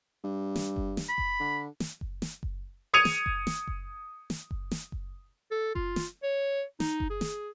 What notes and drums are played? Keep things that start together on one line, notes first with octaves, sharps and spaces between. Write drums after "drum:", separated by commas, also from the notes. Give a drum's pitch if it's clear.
G2
drum: snare
drum: kick F#1
drum: snare
B5
drum: kick F#1
D3
drum: snare
drum: kick F#1
drum: snare
drum: kick F#1
D#6 G#6 C#7 D#7 F7
drum: snare
drum: kick F#1
drum: snare
drum: kick F#1
drum: snare
drum: kick F#1
drum: snare
drum: kick F#1
A4
F4, drum: kick F#1
drum: snare
C#5
D#4, drum: snare
drum: kick F#1
G#4
drum: snare